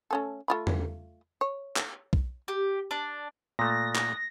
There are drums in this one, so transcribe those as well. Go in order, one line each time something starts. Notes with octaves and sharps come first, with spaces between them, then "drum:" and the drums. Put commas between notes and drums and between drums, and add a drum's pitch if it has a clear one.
A3 C#4 A4
A3 F4 B5
drum: tom E2
C#5
drum: clap
drum: kick
G4
D4
A#2 A3 D#6 F#6 A6 A#6
drum: clap